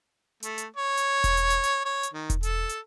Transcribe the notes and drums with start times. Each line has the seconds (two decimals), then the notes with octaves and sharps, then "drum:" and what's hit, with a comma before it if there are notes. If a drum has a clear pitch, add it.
0.43 A3, drum: hi-hat
0.58 drum: hi-hat
0.76 C#5
0.97 drum: hi-hat
1.24 drum: kick E1, hi-hat
1.37 drum: hi-hat
1.50 drum: hi-hat
1.64 drum: hi-hat
1.85 C#5
2.03 drum: hi-hat
2.14 D#3
2.30 drum: kick E1, hi-hat
2.43 A4, drum: hi-hat
2.69 drum: hi-hat